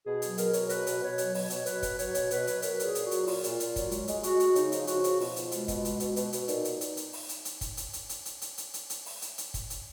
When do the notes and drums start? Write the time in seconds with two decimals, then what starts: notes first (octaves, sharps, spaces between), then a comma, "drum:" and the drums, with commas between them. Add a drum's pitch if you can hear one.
0.06 B2 G#4
0.22 F#3, drum: hi-hat
0.38 B2 A#4, drum: hi-hat
0.53 F#3, drum: hi-hat
0.65 A#4
0.69 B2 B4, drum: hi-hat
0.87 B2, drum: hi-hat
1.02 B2 C#5
1.18 F#3, drum: hi-hat
1.34 B2 C#5, drum: open hi-hat
1.50 B2, drum: hi-hat
1.66 F#3 B4, drum: hi-hat
1.83 B2, drum: kick, hi-hat
1.99 F#3 C#5, drum: hi-hat
2.15 B2, drum: hi-hat
2.31 B2 B4, drum: hi-hat
2.47 F#3, drum: hi-hat
2.62 F#3 A#4, drum: hi-hat
2.80 A#2 G#4, drum: hi-hat
2.95 A#2, drum: hi-hat
3.06 F#4
3.11 F#3, drum: hi-hat
3.27 A#2 F4, drum: open hi-hat
3.44 A#2, drum: hi-hat
3.60 A#2, drum: hi-hat
3.76 F#3, drum: kick, hi-hat
3.91 G#3, drum: hi-hat
4.08 G#3, drum: hi-hat
4.23 G#3 F#4, drum: hi-hat
4.40 G#3, drum: hi-hat
4.55 C#3 D#4, drum: hi-hat
4.72 F3, drum: hi-hat
4.87 C#3 F#4, drum: hi-hat
5.04 F3, drum: hi-hat
5.20 B2 F4, drum: open hi-hat
5.36 B2, drum: hi-hat
5.52 G#3, drum: hi-hat
5.68 B2, drum: kick, hi-hat
5.85 G#3, drum: hi-hat
6.00 B2, drum: hi-hat
6.16 B2, drum: hi-hat
6.33 B2, drum: hi-hat
6.48 A#2 D#4, drum: hi-hat
6.65 drum: hi-hat
6.81 drum: hi-hat
6.97 drum: hi-hat
7.13 drum: open hi-hat
7.29 drum: hi-hat
7.45 drum: hi-hat
7.61 drum: kick, hi-hat
7.77 drum: hi-hat
7.93 drum: hi-hat
8.09 drum: hi-hat
8.25 drum: hi-hat
8.42 drum: hi-hat
8.58 drum: hi-hat
8.74 drum: hi-hat
8.90 drum: hi-hat
9.06 drum: open hi-hat
9.22 drum: hi-hat
9.38 drum: hi-hat
9.54 drum: kick, hi-hat
9.70 drum: hi-hat